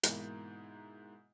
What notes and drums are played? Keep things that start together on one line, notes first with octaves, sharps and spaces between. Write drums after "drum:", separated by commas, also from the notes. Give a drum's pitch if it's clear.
G#2 B2 E3 A#3, drum: hi-hat